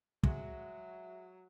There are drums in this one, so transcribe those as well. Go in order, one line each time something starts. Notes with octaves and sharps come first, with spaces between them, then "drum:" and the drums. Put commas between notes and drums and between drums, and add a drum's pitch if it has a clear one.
F#3 G#3 F#4 E5, drum: kick